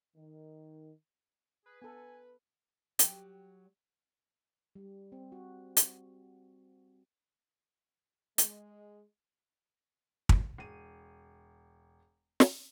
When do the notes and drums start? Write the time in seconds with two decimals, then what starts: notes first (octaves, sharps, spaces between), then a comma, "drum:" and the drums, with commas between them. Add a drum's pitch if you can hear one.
0.16 D#3
1.66 G#4 B4
1.82 B3 A4 G#5
2.99 F#3 G4, drum: hi-hat
4.75 G3
5.12 C4
5.32 F#4
5.77 drum: hi-hat
8.38 G#3, drum: hi-hat
10.29 drum: kick
10.58 E1 D#7
12.40 drum: snare